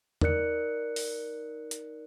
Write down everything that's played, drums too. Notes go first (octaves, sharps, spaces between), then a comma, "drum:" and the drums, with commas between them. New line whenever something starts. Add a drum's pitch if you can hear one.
D#4 A#4 D5 F#6 C#7, drum: tom E2
drum: open hi-hat
drum: hi-hat